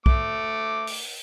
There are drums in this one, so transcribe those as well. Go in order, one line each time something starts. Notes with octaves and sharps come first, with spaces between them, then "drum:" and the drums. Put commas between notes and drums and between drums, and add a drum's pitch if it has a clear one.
A3 D6, drum: kick B1
drum: open hi-hat